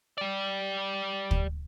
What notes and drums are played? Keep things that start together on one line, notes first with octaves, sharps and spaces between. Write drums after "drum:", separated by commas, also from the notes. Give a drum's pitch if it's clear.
G4 D5
drum: kick